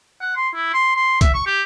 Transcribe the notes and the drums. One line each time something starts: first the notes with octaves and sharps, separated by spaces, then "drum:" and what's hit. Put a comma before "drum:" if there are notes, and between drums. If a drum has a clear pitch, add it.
F#5
C6
E4
C6
C6
E5, drum: kick C2, hi-hat
C#6
G4